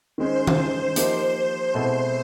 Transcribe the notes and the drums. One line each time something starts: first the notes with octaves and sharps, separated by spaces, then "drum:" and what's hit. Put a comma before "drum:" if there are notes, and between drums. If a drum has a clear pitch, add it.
D#3 G#3 C#4 C5
drum: tom D#3
F3 A#3 D#4 G4, drum: hi-hat
B2 G#3 C4 E4 A4